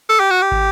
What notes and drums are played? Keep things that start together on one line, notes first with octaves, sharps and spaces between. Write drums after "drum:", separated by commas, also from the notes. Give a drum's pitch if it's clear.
A4
G4
F#4
G4
drum: kick